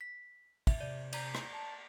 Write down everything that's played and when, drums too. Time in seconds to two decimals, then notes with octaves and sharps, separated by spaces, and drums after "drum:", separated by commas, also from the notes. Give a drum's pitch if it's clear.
0.01 B6
0.67 E5, drum: kick, cymbal
0.81 C3 D5
1.13 D5 A#5 G6, drum: cymbal
1.35 drum: rim click
1.53 A5